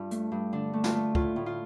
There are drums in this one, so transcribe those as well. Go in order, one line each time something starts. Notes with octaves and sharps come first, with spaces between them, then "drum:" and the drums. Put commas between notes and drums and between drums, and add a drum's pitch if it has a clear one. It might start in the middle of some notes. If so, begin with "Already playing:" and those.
Already playing: G2 D4 F4
A3, drum: hi-hat
G2
D3 D4
A3
F4, drum: snare
A3
A2 F4, drum: kick
A2
F4